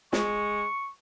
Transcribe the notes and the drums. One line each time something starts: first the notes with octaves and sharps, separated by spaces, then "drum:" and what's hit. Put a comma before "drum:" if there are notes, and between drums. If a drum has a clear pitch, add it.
G#3 C#6, drum: snare